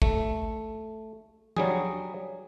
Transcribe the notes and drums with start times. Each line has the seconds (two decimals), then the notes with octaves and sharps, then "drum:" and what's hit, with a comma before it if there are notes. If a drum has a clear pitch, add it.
0.02 A3, drum: kick
1.57 F#3 G3 G#4, drum: tom F3